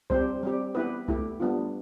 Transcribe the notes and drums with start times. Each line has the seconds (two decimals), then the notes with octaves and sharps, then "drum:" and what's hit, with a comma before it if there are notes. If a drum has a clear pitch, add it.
0.10 G3 C4 G4 C5, drum: kick C2
0.43 G3 C4 G4
0.75 B3 E4 G4 B4
1.08 A3 E4 G4, drum: kick C2
1.40 G3 B3 D4 F4